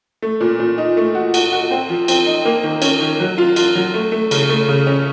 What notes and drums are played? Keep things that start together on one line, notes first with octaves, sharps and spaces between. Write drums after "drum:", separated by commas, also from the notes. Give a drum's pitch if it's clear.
A3
A#2
A#2
D#4
A3
F#4
F#4, drum: cymbal
F#4
C4
F3
C4, drum: cymbal
D#4
A#3
D#3
C#4, drum: cymbal
D#3
F#3
F4
F4, drum: cymbal
F#3
A3
A3
C#3, drum: cymbal
A3
C#3
C#4